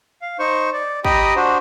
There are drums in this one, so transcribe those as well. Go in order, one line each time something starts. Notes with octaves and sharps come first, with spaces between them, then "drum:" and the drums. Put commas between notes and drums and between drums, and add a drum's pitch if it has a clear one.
F5
D#4 C5 C#6
D5
G4 D#5 G5 A#5 B5 D#6, drum: kick
D4 F#4 C5